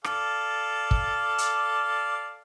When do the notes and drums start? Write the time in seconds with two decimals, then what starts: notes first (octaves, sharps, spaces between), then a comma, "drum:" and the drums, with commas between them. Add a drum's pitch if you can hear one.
0.04 A4 D5 F5, drum: rim click
0.91 drum: kick
1.38 drum: hi-hat